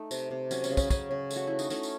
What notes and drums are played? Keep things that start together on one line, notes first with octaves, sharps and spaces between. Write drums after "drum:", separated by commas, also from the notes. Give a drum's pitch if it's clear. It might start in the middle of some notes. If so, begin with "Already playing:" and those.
Already playing: A3 D#4
C3, drum: tambourine
C3
F#3 C#4, drum: tambourine
C#4, drum: tambourine
C#3
C#4, drum: kick, tambourine
C#3 C#4, drum: kick, tambourine
C#3
A3, drum: tambourine
F#4
A3 E4
D#4, drum: tambourine
A3 C#4, drum: tambourine
drum: tambourine